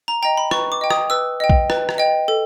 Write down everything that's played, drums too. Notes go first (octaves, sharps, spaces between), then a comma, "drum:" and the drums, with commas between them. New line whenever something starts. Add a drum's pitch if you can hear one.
A#5
D#5 G5 A#5
B5
B4 C#6, drum: rim click
D6
D#5 G5
D#6, drum: rim click
B4 E6
D#5 G5
drum: kick A#1
B4, drum: rim click
drum: rim click
D#5 G5
A4